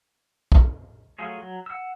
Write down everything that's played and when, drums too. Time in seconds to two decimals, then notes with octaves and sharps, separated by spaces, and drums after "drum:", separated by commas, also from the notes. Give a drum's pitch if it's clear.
0.52 drum: kick
1.18 F#3 A3 F4 G#4 C#5
1.38 F#3
1.66 F#5 E6